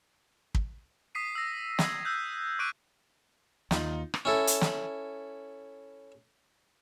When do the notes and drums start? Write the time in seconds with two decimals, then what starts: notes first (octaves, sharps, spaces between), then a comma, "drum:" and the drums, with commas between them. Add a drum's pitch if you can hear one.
0.55 drum: kick
1.15 D#6 B6 C7 D#7
1.35 E6 A#6
1.79 G#6 A#6, drum: snare
2.05 E6 F#6 G6 A#6
2.59 C#6 D6 E6 F#6 D7 D#7
3.71 D#2 D#4 F4, drum: snare
4.14 drum: rim click
4.25 C#4 E4 A4
4.47 drum: hi-hat
4.61 drum: snare